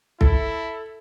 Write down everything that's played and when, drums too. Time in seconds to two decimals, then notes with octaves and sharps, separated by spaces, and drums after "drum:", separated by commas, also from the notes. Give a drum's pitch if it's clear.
0.21 E4 A4, drum: kick